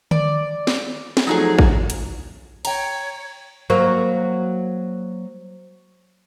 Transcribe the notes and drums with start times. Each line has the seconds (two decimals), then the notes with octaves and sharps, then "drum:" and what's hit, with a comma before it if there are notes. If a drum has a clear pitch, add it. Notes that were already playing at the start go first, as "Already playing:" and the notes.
0.11 D5, drum: tom D3
0.67 drum: snare
1.17 drum: snare
1.27 F3 F#3 A3 D#4 E4 G#4
1.59 drum: kick
1.90 drum: hi-hat
2.65 C#5 G5 A#5, drum: cymbal
3.70 F#3 A#3 C5 C#6